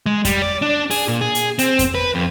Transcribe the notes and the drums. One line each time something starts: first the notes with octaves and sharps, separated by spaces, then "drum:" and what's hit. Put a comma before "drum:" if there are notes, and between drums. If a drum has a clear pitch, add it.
G#3
G3, drum: kick F2, hi-hat
D5
D4
G#4, drum: open hi-hat
A#2
G#4
drum: hi-hat
C4, drum: hi-hat
drum: kick F2, hi-hat
B4
F2